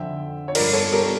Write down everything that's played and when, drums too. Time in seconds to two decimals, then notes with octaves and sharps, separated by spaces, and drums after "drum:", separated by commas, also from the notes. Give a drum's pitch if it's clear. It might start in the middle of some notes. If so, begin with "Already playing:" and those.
Already playing: F2 D3 F3 E5 G5
0.48 C#5
0.55 G2 F3 A#4 D5, drum: cymbal
0.73 A4 C#5
0.92 G4 A#4
1.03 A#4